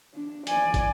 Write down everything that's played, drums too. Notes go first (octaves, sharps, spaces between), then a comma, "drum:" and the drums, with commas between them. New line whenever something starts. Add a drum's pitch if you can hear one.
D4
D5 G#5, drum: hi-hat
drum: kick, hi-hat